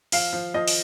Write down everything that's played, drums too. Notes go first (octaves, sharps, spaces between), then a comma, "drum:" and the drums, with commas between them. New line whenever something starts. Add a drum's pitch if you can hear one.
F3 F5, drum: open hi-hat
F3
F3 D#5
drum: open hi-hat